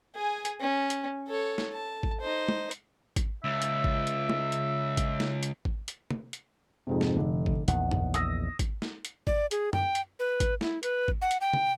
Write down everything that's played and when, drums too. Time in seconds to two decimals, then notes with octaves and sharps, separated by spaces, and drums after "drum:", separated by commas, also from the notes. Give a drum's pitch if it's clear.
0.15 G#4 G#5
0.45 drum: hi-hat
0.60 C#4
0.90 drum: hi-hat
1.27 A4 C#5
1.58 drum: snare
1.74 A5
2.03 drum: kick G#1
2.20 D#4 C5
2.49 drum: tom
2.71 drum: hi-hat
3.16 drum: kick G#1, hi-hat
3.44 C#2 E5
3.62 drum: hi-hat
3.84 drum: kick G#1
4.07 drum: hi-hat
4.30 drum: tom
4.52 drum: hi-hat
4.97 drum: kick G#1, hi-hat
5.20 drum: snare
5.43 drum: hi-hat
5.65 drum: kick G#1
5.88 drum: hi-hat
6.10 drum: tom
6.33 drum: hi-hat
6.87 F2 G#2 C3
7.01 drum: snare
7.17 F1 D3
7.46 drum: kick G#1
7.68 A#1 E2 D#3 F#5, drum: hi-hat
7.91 drum: tom
8.14 D#6 E6 A#6, drum: hi-hat
8.59 drum: kick G#1, hi-hat
8.82 drum: snare
9.05 drum: hi-hat
9.27 D5, drum: kick G#1
9.51 G#4, drum: hi-hat
9.73 G5, drum: tom
9.95 drum: hi-hat
10.19 B4
10.40 drum: kick G#1, hi-hat
10.61 E4, drum: snare
10.83 B4, drum: hi-hat
11.08 drum: kick G#1
11.22 F#5
11.31 drum: hi-hat
11.41 G5
11.53 drum: tom C3